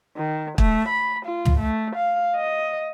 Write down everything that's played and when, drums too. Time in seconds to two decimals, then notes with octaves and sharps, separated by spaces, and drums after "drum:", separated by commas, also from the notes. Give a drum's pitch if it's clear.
0.17 D#3
0.58 A3, drum: kick
0.89 B5
1.25 F4
1.45 drum: tom
1.59 A3
1.96 F5
2.36 D#5